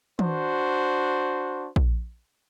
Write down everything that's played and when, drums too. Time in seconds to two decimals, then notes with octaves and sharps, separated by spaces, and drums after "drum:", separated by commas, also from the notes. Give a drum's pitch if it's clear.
0.19 D4 F#4 C5, drum: tom
1.76 drum: kick A#1